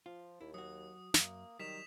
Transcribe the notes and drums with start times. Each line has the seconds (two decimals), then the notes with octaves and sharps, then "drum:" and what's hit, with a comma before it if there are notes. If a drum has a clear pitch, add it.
0.06 F3 F4
0.41 D#2 E4
0.54 F#3 F#4 D#6
1.14 F#2 A#3, drum: snare
1.60 D#3 F#3 G3 B6 E7 F7